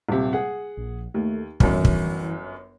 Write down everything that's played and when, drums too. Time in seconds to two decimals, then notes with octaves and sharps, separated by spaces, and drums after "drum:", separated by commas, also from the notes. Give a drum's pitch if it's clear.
0.09 D#1 C3
0.33 G#4 F#5
0.77 A#1
1.14 D#2 A3
1.60 G1 F#2 E3, drum: kick
1.85 drum: kick